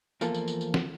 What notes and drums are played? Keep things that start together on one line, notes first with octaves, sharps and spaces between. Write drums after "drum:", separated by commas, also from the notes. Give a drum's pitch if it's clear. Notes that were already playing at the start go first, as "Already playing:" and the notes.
E2 F3 A#3 F4 A4, drum: tambourine
drum: tambourine
drum: tambourine
drum: tambourine
drum: snare